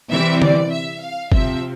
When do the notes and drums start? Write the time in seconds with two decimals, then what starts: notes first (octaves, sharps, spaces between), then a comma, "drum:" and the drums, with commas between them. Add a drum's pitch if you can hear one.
0.11 C3 E3 G3 C4 E5
0.42 D5, drum: tom D3
0.72 E5
1.02 F5
1.32 C3 F3 C4 E5, drum: kick